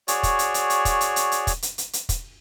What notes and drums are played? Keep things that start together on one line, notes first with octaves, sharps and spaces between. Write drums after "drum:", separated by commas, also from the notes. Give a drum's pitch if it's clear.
F#4 G#4 C#5 D5, drum: hi-hat
drum: kick, hi-hat
drum: hi-hat
drum: hi-hat
drum: hi-hat
drum: kick, hi-hat
drum: hi-hat
drum: hi-hat
drum: hi-hat
drum: kick, hi-hat
drum: hi-hat
drum: hi-hat
drum: hi-hat
drum: kick, hi-hat